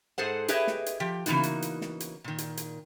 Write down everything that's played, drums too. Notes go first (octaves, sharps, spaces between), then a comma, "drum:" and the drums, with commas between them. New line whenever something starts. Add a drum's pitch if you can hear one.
G#2 G#4 A4 C5 F#5
G4 G#4 B4 C#5 D#5 E5, drum: hi-hat
drum: snare
drum: hi-hat
F3 G4 G5
C#3 E3 A#3 B3 D#4 F#4, drum: hi-hat
drum: hi-hat
drum: hi-hat
drum: snare
drum: hi-hat
A#2 D#3
drum: hi-hat
drum: hi-hat